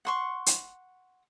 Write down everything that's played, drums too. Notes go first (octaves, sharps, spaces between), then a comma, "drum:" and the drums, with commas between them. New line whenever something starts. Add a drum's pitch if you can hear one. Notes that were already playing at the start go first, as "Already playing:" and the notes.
F#5 C6 C#6
drum: hi-hat